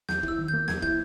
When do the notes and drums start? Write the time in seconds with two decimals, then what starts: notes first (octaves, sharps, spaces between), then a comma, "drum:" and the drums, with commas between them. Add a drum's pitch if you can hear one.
0.09 E2 G6, drum: snare
0.23 E4, drum: kick
0.28 E6
0.38 D#3
0.48 G6
0.54 A#3
0.68 E2 G#6, drum: snare
0.82 E4 G6, drum: kick